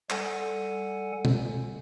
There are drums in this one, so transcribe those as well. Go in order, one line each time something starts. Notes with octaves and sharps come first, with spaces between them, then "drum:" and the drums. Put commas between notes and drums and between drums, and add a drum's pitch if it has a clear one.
G3 A4 F#5 G#5, drum: clap
drum: tom B2